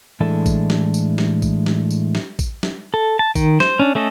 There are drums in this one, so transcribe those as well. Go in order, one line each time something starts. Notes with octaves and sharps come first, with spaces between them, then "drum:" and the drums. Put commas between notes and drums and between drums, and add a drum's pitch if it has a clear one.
A2 E3 G#3 D4 A4 A5
drum: kick A1, tambourine
drum: snare
drum: tambourine
drum: snare
drum: kick A1, tambourine
drum: snare
drum: tambourine
drum: snare
drum: kick A1, tambourine
drum: snare
A4
A5
D#3, drum: kick A1, tambourine
C5, drum: snare
C#4 D4
A3 C#4 A4 D#5